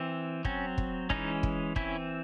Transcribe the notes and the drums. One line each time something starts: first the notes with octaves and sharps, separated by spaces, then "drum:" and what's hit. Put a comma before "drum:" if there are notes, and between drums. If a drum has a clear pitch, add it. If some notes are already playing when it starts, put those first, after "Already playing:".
Already playing: E3 C4
F#3 C4 C#4, drum: kick
drum: kick
E3 G#3 C#4 D#4, drum: kick
drum: kick
E3 C4 C#4 E4, drum: kick